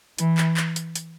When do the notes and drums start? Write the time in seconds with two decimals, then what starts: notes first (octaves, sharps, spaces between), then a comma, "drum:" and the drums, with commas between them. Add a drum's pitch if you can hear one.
0.18 E3, drum: hi-hat
0.38 drum: clap
0.57 drum: clap
0.76 drum: hi-hat
0.95 drum: hi-hat